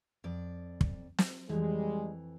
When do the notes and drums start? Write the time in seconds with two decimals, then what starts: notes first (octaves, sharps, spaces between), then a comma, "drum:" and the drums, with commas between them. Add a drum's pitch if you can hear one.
0.24 F2 D5
0.81 drum: kick
1.18 drum: snare
1.49 F2 E3 G3 G#3